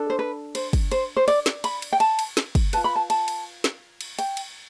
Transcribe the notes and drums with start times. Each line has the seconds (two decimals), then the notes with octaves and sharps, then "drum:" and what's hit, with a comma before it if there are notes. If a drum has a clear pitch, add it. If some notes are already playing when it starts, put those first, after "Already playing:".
Already playing: D4 A4
0.10 C5
0.19 B4
0.55 C5, drum: cymbal
0.73 drum: kick, cymbal
0.91 C5, drum: cymbal
1.17 C5
1.28 D5, drum: cymbal
1.46 drum: snare
1.64 B5, drum: cymbal
1.82 drum: cymbal
1.93 G5
2.00 A5, drum: cymbal
2.19 drum: cymbal
2.37 drum: snare
2.55 drum: kick, cymbal
2.73 F4 B4 A5, drum: cymbal
2.84 B5
2.96 A5
3.10 A5, drum: cymbal
3.28 drum: cymbal
3.64 drum: snare
4.01 drum: cymbal
4.19 G5, drum: cymbal
4.37 drum: cymbal